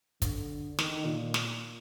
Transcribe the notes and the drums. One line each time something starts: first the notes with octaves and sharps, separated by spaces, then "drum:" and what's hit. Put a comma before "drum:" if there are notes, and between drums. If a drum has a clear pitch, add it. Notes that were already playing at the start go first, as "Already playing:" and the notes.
D3, drum: kick, hi-hat
D#3, drum: snare
A#2
drum: snare